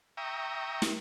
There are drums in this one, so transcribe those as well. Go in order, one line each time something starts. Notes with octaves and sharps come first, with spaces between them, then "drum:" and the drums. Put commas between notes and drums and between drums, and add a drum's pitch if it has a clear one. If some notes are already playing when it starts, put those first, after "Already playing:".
E5 G5 A#5 C#6 D#6
drum: snare